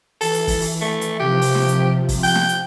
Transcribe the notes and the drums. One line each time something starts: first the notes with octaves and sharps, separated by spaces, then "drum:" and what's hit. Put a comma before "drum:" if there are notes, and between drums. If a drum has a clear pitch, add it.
E3 A4, drum: open hi-hat
drum: hi-hat
drum: kick, open hi-hat
drum: open hi-hat
A3
drum: hi-hat
C3 F3 G4
drum: open hi-hat
drum: snare
drum: hi-hat
drum: kick, open hi-hat
G5, drum: open hi-hat
drum: snare
drum: hi-hat